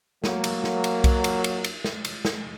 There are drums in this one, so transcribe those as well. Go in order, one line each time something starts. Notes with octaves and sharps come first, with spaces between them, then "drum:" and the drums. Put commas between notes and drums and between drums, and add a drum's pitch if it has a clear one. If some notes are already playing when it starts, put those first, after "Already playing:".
F#3 A#3, drum: snare
drum: cymbal
drum: snare
drum: cymbal
drum: kick B1, cymbal
drum: cymbal
drum: cymbal
drum: cymbal
drum: snare
drum: cymbal
drum: snare